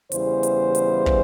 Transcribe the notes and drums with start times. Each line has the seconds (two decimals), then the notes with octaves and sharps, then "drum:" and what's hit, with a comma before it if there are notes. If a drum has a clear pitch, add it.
0.12 E2 C#3 E3 G3 C5, drum: hi-hat
0.43 drum: hi-hat
0.75 drum: hi-hat
1.06 drum: kick